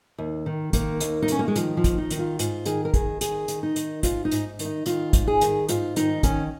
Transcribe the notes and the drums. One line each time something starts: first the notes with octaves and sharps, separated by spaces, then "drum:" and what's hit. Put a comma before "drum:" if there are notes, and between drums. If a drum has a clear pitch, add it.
D#2
D#3
D#3 A#3, drum: kick, hi-hat
D#2, drum: hi-hat
D#4
D#3 C#4, drum: hi-hat
A#3
G#3
D#3 F3, drum: hi-hat
F3
D#2, drum: kick, hi-hat
D#4
D#3, drum: hi-hat
F4
G#2 F4, drum: hi-hat
D#3 G#4, drum: hi-hat
A#4
D#3 G#4, drum: kick, hi-hat
D#3 G#4, drum: hi-hat
D#3, drum: hi-hat
D#4
D#3, drum: hi-hat
G#2 F4, drum: kick, hi-hat
D#4
G#2, drum: hi-hat
D#3, drum: hi-hat
D#4
D#3 F4, drum: hi-hat
G#2, drum: kick, hi-hat
G#4
D#3, drum: hi-hat
G#2 F4, drum: hi-hat
D#3 D#4, drum: hi-hat
D#3 C#4, drum: kick, hi-hat